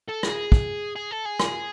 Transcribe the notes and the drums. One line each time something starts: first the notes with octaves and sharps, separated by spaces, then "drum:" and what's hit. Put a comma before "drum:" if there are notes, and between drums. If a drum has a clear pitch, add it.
A4
G#4, drum: rim click
drum: kick
G#4
A4
G#4
drum: rim click